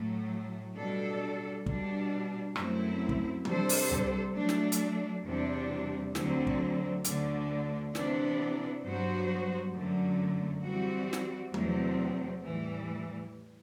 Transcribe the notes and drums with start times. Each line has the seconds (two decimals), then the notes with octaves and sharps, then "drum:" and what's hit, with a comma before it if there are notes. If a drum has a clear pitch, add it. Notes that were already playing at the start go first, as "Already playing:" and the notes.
Already playing: A2 F#3 A3
0.77 B2 G3 D4 A4
1.66 B2 G3 D4, drum: kick
2.56 F#2 F#3 A3 C4 E4, drum: rim click
3.09 drum: kick
3.45 C3 G3 D4 A4 C5, drum: tom
3.69 drum: open hi-hat
3.91 drum: tom C2
4.35 F#3 A3 D4
4.49 drum: snare
4.72 drum: hi-hat
5.25 E2 C3 G3 D4
6.15 D2 D3 F#3 C4, drum: snare
6.47 drum: kick
7.04 D2 D3 A3 D4, drum: hi-hat
7.95 C3 E3 B3 D4, drum: snare
8.84 G2 F#3 B3 F#4 C5
9.74 F#2 D3 F#3 A3
10.64 E3 G3 C4 F#4
11.13 drum: snare
11.54 E2 C3 F#3 A3 C4, drum: tom
12.44 A2 E3 G3